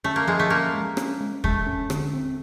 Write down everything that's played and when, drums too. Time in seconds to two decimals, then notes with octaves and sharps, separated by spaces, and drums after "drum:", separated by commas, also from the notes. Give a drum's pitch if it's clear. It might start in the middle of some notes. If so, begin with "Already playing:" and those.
0.04 A3 C#4
0.16 A#3
0.27 F3 G#3
0.39 A3
0.50 A#3 C#4
0.74 G#3
0.97 C#4, drum: rim click
1.21 G#3
1.44 G#3 A3, drum: kick
1.67 C#4
1.90 D3, drum: rim click
2.13 C4